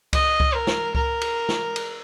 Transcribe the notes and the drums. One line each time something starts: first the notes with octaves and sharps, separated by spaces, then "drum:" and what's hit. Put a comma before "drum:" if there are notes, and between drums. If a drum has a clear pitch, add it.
D#5, drum: kick C#2, cymbal
drum: kick C#2
A#4
drum: snare
A#4, drum: kick C#2
drum: cymbal
drum: snare
drum: cymbal